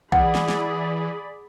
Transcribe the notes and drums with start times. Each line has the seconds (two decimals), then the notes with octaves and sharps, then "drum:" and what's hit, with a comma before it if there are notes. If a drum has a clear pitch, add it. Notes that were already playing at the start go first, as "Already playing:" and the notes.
0.12 E3 G#4 D5 F#5 B5, drum: kick
0.35 drum: snare
0.48 drum: snare